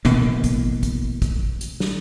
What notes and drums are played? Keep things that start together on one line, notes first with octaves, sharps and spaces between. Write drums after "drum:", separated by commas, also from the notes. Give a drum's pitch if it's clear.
D1 B2 E3 A#3, drum: hi-hat
drum: kick, hi-hat
drum: kick, hi-hat
drum: kick, hi-hat
drum: hi-hat
drum: snare